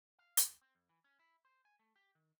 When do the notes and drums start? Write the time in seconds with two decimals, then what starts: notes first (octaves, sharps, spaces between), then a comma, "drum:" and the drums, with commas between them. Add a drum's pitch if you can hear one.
0.19 F5
0.37 C2, drum: hi-hat
0.62 C4
0.75 F2
0.89 E3
1.04 C#4
1.19 E4
1.45 C5
1.65 G#5
1.79 A3
1.96 G4
2.15 D#3